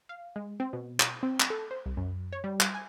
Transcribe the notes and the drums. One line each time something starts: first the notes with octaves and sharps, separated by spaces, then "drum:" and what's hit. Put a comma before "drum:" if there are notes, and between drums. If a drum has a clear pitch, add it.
F5
G#3
C4
B2
drum: clap
C4
drum: clap
A4
C5
C2
F#2
C#5
G3
drum: clap
G#5